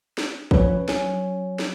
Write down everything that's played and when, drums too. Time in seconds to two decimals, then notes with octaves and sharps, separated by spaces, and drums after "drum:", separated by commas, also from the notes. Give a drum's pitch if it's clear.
0.18 drum: snare
0.51 F3 C#4 B4 C#5, drum: kick
0.88 F#3 C#4, drum: snare
1.59 drum: snare